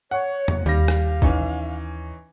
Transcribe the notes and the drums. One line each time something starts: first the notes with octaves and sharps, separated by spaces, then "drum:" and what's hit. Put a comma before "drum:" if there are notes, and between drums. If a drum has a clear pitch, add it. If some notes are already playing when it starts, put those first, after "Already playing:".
C#5 F#5 C#6
drum: tom E2
D#2 G3 F5 A#6
drum: rim click
E3 C#4 D#4, drum: kick